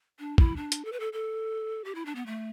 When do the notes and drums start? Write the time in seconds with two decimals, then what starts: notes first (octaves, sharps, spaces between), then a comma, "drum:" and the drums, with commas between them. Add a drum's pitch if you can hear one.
0.19 D4
0.38 E4, drum: kick
0.56 D4
0.72 drum: hi-hat
0.85 A4
0.92 B4
1.00 A4
1.13 A4
1.85 G4
1.95 E4
2.06 D4
2.15 B3
2.26 A3